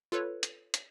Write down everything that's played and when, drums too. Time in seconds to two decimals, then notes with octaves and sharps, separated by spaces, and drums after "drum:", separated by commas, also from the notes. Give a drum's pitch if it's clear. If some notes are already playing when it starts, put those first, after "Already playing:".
0.12 F4 A4 B4 C#5
0.43 drum: hi-hat
0.74 drum: hi-hat